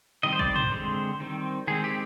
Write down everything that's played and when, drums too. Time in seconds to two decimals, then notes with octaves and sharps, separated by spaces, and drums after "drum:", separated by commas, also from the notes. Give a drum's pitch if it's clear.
0.23 D#3 G3 C4 D#5
0.33 C5
0.39 D5, drum: kick A1
0.56 C5, drum: tom
0.72 D3 G#3 C4
1.20 D#3 G3 C4
1.67 D#3 G#3 C4 G#4
1.84 G4